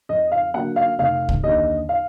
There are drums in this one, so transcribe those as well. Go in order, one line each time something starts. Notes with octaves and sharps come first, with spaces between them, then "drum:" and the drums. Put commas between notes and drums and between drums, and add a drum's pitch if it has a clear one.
F2 D#5
F5
D3 F#3 A#3 F#5
F5
F1 F5
drum: kick
D#2 D3 D#5
F5